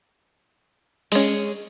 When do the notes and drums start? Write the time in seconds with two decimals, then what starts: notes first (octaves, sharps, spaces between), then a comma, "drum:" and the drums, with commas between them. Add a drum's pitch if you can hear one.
1.12 G#3 C#4, drum: open hi-hat